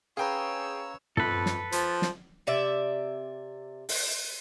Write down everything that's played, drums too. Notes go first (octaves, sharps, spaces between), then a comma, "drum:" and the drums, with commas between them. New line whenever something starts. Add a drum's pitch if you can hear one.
C#4 G#4 B4 C#5 F5 G5 A#5 E6
F2 A4 B4, drum: tom
drum: snare
F3, drum: hi-hat
drum: snare
C3 D5 E5
drum: open hi-hat